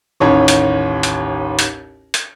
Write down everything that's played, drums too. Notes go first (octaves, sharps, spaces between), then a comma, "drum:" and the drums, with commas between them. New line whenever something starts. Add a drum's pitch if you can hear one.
A1 D#2 C#5
drum: hi-hat
drum: hi-hat
drum: hi-hat
drum: hi-hat